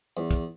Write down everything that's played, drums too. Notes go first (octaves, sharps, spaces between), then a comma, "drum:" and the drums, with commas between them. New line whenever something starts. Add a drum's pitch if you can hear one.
E2
drum: kick, hi-hat